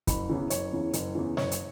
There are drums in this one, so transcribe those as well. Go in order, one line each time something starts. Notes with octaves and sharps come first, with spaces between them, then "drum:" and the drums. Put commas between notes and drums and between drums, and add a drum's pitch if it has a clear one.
F#1 B5, drum: kick, hi-hat
E2 C#3 E3
F#1 C#5, drum: hi-hat
E2 C#3 E3
F#1, drum: hi-hat
E2 C#3 E3
F#1 C#5, drum: snare
drum: hi-hat